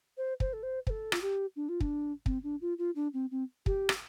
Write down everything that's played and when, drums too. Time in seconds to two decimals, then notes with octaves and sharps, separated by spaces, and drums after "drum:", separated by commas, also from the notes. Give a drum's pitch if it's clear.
0.17 C5
0.40 C5, drum: kick
0.53 A4
0.63 C5
0.87 C5, drum: kick
0.90 A4
1.12 F4, drum: rim click
1.22 G4
1.56 D4
1.69 F4
1.80 D4, drum: kick
2.26 C4, drum: kick
2.43 D4
2.61 F4
2.78 F4
2.95 D4
3.13 C4
3.31 C4
3.66 G4, drum: kick
3.89 drum: rim click